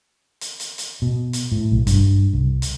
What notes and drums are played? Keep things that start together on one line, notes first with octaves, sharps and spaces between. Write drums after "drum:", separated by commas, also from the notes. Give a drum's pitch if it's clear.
drum: hi-hat
drum: hi-hat
drum: hi-hat
B2
drum: hi-hat
A2
B1
G2, drum: kick, hi-hat
C2
drum: hi-hat